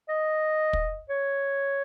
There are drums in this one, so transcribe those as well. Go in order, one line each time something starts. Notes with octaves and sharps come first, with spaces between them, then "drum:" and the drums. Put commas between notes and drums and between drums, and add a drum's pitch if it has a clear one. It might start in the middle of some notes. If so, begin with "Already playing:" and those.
D#5
drum: kick
C#5